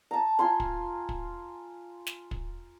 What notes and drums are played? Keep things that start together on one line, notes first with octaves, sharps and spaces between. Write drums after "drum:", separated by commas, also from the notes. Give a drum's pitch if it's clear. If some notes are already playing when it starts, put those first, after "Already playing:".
A5 A#5
F4 G#5 C6
drum: kick
drum: kick
drum: snare
drum: kick